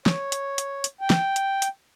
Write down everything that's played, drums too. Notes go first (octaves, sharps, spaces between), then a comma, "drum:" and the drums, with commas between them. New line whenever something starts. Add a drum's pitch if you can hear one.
C#5, drum: snare
drum: hi-hat
drum: hi-hat
drum: hi-hat
G5
drum: snare
drum: hi-hat
drum: hi-hat